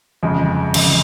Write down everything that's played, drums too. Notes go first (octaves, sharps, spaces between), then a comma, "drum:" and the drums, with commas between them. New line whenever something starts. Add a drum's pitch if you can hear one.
G1 F2 C#3 G#3
G1 F2 C#3 G#3, drum: cymbal